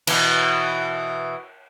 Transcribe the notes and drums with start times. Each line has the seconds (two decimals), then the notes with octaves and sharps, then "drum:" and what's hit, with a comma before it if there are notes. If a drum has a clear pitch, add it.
0.07 B2 E3, drum: cymbal